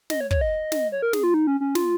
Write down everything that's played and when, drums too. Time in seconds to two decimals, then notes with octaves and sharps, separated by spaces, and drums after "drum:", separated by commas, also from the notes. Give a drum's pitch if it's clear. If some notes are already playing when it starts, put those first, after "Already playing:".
0.10 D#5, drum: snare
0.21 C#5
0.31 C#5, drum: kick
0.41 D#5
0.72 drum: snare
0.92 C#5
1.02 A#4
1.13 G#4, drum: snare
1.23 F4
1.34 D#4
1.47 C#4
1.61 C#4
1.75 F4, drum: snare